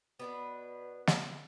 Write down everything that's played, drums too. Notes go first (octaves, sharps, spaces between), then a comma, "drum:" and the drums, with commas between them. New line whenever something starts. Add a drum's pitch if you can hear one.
B2 B3 D4 B4
drum: snare